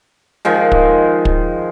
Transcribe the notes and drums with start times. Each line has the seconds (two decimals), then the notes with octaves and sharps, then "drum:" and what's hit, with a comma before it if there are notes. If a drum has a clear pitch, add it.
0.45 D#3 F3 G#3
0.72 drum: kick
1.25 drum: kick